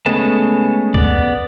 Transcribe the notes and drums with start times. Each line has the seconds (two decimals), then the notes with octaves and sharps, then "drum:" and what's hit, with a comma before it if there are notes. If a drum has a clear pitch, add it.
0.06 C#3 G#3 A3 B3 A5
0.94 B3 D5, drum: kick